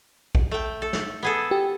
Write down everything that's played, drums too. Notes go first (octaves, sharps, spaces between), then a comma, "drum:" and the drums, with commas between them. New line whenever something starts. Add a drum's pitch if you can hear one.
drum: kick A#1
A3 G5
A4
drum: snare
B3 G#4 A4
G4